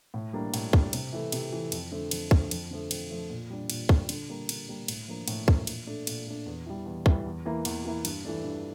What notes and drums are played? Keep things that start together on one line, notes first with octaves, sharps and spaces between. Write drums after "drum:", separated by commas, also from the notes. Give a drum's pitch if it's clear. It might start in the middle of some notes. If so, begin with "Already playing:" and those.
A2
G3 A#3 D4
A2, drum: cymbal
G3 A#3 D4, drum: kick
C3, drum: cymbal
E3 A3
C3, drum: cymbal
E3 A3
F2, drum: cymbal
D3 F3 A3
F2, drum: cymbal
D3 F3 A3, drum: kick
F2, drum: cymbal
D3 F3 A3
F2, drum: cymbal
D3 F3 A3
A#2
G3 D4
A#2, drum: cymbal
G3 D4, drum: kick
D3, drum: cymbal
G3 A#3
D3, drum: cymbal
G3 A#3
A2, drum: cymbal
F3 A#3 D4
A2, drum: cymbal
F3 A#3 D4, drum: kick
A#2, drum: cymbal
A3 D4
A#2, drum: cymbal
A3 D4
E2
E3 G3
E2
E3 G3, drum: kick
E2
E3 A#3 E4
E2, drum: cymbal
E3 A#3 E4
G2, drum: cymbal
E3 A3 D4
G2